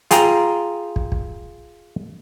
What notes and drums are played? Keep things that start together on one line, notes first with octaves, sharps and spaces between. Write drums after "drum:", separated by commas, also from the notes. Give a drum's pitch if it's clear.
F4 G#4 G5 A#5, drum: hi-hat
drum: kick
drum: kick